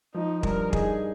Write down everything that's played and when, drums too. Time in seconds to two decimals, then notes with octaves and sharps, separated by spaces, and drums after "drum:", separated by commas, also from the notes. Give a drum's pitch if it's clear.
0.14 F3 D#4
0.43 G2 A#4, drum: kick
0.73 D#4 G#4, drum: kick